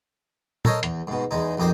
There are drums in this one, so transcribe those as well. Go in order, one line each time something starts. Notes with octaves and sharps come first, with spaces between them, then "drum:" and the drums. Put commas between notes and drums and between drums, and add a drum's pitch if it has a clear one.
A4 A#4 C5 C#5 D#5, drum: tom A#2
E2, drum: hi-hat
G#2 B2
E2 G#3 D#4
A#1 F2 D#4 G4 C5